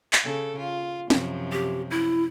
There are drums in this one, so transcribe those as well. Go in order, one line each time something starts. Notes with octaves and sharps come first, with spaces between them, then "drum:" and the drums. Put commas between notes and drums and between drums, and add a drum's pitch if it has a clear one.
drum: clap
C#3 A4
F4
F#2 C3 F3, drum: snare
G4
E4